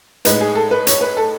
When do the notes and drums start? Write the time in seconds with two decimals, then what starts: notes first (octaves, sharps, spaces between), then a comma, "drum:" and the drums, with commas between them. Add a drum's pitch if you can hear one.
0.25 A2 G#3 D#4 B4, drum: hi-hat
0.41 G#4
0.55 A4
0.71 B4
0.87 C#5, drum: hi-hat
1.01 B4
1.17 A4